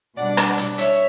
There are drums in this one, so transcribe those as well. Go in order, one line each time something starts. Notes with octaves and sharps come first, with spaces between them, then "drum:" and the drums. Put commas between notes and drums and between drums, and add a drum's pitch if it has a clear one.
B2 G3 D4 D5 F#5
drum: rim click
D5 F#5
drum: hi-hat
C#5 E5, drum: hi-hat